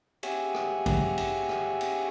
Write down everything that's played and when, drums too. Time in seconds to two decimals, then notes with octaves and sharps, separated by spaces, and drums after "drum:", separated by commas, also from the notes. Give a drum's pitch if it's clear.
0.23 G4 G#4 C#5 E5 F#5 G#5, drum: cymbal
0.54 drum: rim click
0.86 drum: kick, cymbal
1.18 drum: cymbal
1.49 drum: rim click
1.81 drum: cymbal